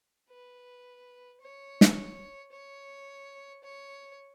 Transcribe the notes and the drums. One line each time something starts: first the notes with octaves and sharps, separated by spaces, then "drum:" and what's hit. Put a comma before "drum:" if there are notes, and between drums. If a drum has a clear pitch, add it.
B4
C#5
drum: snare
C#5
C#5